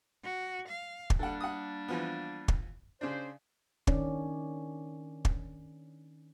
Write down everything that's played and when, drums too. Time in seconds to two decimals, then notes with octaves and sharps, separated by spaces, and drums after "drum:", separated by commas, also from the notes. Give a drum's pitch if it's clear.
0.24 F#4
0.69 F5
1.10 drum: kick
1.19 G3 A#3 D4 A4 F#5
1.41 F#5 D#6
1.88 E3 F3 B3
2.48 drum: kick
3.01 C#3 D4 C5
3.87 D#3 C#4 D4 D5, drum: kick
5.25 drum: kick